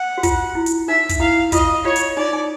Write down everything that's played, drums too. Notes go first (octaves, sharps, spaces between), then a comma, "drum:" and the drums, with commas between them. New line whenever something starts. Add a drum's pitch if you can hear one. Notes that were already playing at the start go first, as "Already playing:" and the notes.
Already playing: F#5
F#4
F4, drum: kick, hi-hat
E4
drum: hi-hat
D#4 E5
drum: kick, hi-hat
E4 F5
F4 D#5, drum: kick, hi-hat
F4 C#5
drum: hi-hat
D#4 D5
D#4